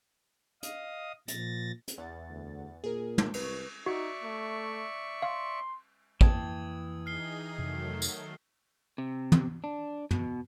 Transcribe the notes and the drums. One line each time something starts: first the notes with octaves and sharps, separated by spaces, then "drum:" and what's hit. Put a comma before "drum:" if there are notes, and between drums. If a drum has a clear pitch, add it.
D#5 F5 D#6, drum: hi-hat
A#2 F3 A6 A#6, drum: hi-hat
drum: hi-hat
E2 F#5 A6
D2
A#2 G#4 A#4
drum: tom
C2 B4 C#6, drum: cymbal
D#4 F#4 D5 E5 C#6
A3
F5 C6
F2 E3 A#3 G5 A5 D#6 G#6, drum: kick
D#4 G#4 F6 C7 G7
F2 C3 D#3 F#3 A3
drum: tambourine
C3
drum: tom
D4
B2, drum: tom